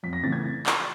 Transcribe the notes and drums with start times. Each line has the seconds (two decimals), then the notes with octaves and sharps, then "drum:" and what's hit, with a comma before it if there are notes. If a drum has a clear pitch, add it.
0.03 F2 B6
0.13 A#6
0.23 C#3 E3 A3 A6
0.32 G#6
0.66 drum: clap